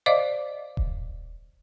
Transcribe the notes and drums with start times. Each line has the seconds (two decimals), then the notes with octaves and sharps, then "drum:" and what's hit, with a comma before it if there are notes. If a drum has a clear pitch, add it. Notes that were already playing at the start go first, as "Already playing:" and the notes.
0.06 C5 D5 D#5 F5 D6
0.77 drum: kick D#1